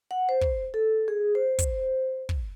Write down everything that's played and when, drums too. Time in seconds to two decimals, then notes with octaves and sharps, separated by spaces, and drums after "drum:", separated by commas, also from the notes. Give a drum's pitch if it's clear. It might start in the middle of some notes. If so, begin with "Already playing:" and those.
0.11 F#5
0.29 C5
0.41 drum: kick
0.74 A4
1.08 G#4
1.35 C5
1.59 drum: kick, hi-hat
2.29 drum: kick